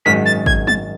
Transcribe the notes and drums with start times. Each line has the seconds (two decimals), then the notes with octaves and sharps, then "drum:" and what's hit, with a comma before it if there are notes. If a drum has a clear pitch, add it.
0.05 G#1 F#2 D#3 G#3 B6
0.26 A6
0.46 G#6, drum: kick G#1
0.67 A6, drum: tom